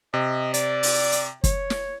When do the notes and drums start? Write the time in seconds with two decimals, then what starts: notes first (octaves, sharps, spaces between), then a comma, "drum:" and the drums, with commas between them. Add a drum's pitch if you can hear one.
0.14 C3 D#5
0.54 D5, drum: hi-hat
0.83 drum: open hi-hat
1.12 drum: hi-hat
1.44 C#5, drum: kick, hi-hat
1.70 drum: snare